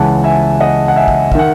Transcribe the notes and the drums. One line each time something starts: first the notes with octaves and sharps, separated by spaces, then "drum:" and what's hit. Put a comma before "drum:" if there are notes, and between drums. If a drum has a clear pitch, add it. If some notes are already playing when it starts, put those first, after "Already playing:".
Already playing: C#2 C#3 E3 F#5 A5
E5 G#5
D#5 F#5
F#5
E5 G#5
drum: kick
E5, drum: kick
D#3 F#5